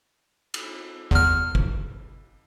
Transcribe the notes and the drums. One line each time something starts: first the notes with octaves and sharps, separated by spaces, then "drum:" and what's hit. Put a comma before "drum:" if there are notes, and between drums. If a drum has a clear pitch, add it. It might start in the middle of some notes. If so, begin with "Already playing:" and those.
drum: cymbal
E2 F6, drum: kick
drum: kick